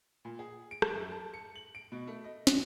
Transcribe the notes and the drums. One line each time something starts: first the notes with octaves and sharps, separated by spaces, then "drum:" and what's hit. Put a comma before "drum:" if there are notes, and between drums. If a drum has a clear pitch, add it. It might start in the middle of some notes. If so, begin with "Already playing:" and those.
A#2
G#4
D7
drum: rim click
F#2
A5
C#7
F#7
D7
B2
A3
D#5
F#4, drum: snare